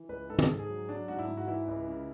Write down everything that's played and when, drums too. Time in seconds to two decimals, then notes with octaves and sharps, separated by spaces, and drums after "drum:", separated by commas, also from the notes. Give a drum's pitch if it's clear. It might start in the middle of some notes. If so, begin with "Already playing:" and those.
Already playing: E3
0.09 C#2 B4
0.30 G#2 A4
0.39 G#4, drum: tom
0.48 G#2 A4
0.59 G#4
0.69 F#3
0.89 F#3 D4
1.08 G#2 F#4
1.19 E4
1.28 G#2
1.37 F#4
1.48 E3 E4
1.68 C#2
1.88 C#3